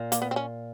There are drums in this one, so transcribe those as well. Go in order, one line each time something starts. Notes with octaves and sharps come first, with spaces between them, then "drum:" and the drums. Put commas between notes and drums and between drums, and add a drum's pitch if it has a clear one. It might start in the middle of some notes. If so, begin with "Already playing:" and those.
Already playing: A#2
A#3, drum: hi-hat
B3
C4
C#4